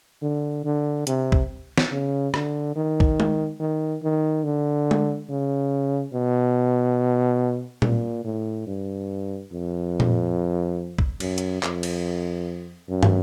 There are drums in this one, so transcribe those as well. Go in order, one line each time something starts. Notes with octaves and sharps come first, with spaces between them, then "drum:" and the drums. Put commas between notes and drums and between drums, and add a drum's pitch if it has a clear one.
D3
D3
C3, drum: hi-hat
drum: kick
drum: snare
C#3
D3, drum: rim click
D#3
drum: kick
drum: tom G#3
D#3
D#3
D3
drum: tom G#3
C#3
B2
A#2, drum: tom A#2
A2
G2
F2
drum: tom A#2
drum: kick
F#2, drum: cymbal
drum: hi-hat
F2, drum: clap
drum: cymbal
F#2
drum: tom